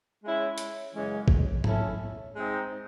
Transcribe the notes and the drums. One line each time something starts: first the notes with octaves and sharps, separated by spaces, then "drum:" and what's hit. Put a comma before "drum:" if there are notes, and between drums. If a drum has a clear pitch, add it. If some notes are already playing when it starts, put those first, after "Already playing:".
G#3 C#4 E4
drum: hi-hat
F#2 C#3 E3 G#3 C#4
drum: kick
E3 A3 C#4 E4 A4, drum: tom G#2
G#3 C4 D#4